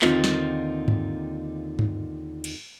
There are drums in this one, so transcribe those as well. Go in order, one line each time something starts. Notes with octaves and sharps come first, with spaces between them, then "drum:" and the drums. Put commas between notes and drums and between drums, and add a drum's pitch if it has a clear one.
D#2 D3 C4 D#4 F4 A#4, drum: clap
drum: snare
drum: tom G2
drum: tom G2
drum: cymbal